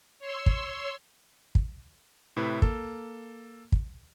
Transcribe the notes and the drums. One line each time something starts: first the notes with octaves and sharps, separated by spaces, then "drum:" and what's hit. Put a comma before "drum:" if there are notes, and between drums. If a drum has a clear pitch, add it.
C#5 C6 E6
drum: kick
drum: kick
A2 C3 E4 B4
A#3 A4, drum: kick
drum: kick